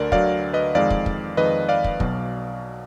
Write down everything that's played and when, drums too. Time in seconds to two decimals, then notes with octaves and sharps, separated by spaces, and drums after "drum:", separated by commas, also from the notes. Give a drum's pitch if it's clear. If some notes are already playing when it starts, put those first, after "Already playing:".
Already playing: D2 D3 A#4 D5
0.12 D2 D3 F#3 D5 F5, drum: kick
0.53 B4 D#5
0.75 F2 D#3 G#3 D5 F5
0.90 drum: kick
1.06 drum: kick
1.37 F2 D#3 G#3 B4 D#5
1.69 D5 F5
1.84 drum: kick
2.00 B1 B2 F#3, drum: kick